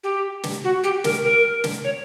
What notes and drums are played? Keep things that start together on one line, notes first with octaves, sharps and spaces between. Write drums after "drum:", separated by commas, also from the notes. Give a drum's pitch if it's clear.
G4
drum: snare
F#4
G4
A#4, drum: snare
A#4
drum: snare
C#5